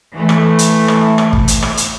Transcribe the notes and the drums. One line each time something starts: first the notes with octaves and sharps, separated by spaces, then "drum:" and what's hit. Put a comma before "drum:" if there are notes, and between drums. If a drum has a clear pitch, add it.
E3 A3
drum: rim click
drum: hi-hat
drum: rim click
drum: rim click
drum: kick G#1
drum: hi-hat
drum: rim click
drum: hi-hat